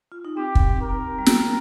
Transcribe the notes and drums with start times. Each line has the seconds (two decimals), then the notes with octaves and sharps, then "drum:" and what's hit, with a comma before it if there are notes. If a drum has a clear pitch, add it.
0.12 F4
0.25 D#4
0.37 C4 G4
0.55 drum: kick
0.82 A#4
1.18 G3
1.26 A#3, drum: snare